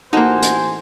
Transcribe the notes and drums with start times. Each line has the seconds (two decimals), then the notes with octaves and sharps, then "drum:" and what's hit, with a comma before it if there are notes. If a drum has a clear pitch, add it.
0.13 A1 A#3 D#4 F#4 A4 C5 G#5
0.42 drum: hi-hat